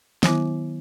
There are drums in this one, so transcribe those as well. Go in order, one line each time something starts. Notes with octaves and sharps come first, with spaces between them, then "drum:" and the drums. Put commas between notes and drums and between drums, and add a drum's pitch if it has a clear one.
D#3 F#3 B3 E4, drum: snare